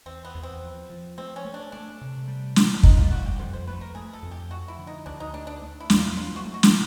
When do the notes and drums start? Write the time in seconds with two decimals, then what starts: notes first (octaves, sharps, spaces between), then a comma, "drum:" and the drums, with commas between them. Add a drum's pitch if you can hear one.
0.06 E2 C4
0.25 B3
0.34 E2
0.43 C4
0.62 F3
0.90 F3
1.18 A3 C4
1.36 C#4
1.45 A3
1.54 D4
1.72 A3 D4
2.01 C3
2.28 G3
2.56 D3, drum: snare
2.74 D4
2.83 G3 D#4, drum: kick
2.97 F4
3.11 G3 F#4
3.26 G4
3.39 F2 C5
3.53 C5
3.67 A3 B4
3.81 A#4
3.95 A3 G#4
4.13 A4
4.22 F2
4.31 G4
4.50 F3 F#4
4.68 E4
4.78 D3
4.87 D#4
5.06 D2 D4
5.20 D#4
5.33 A3 D4
5.47 D4
5.62 A3
5.80 E4
5.90 E2, drum: snare
5.99 F4
6.17 F#3 F4
6.36 F#4
6.45 A3
6.54 F#4
6.63 drum: snare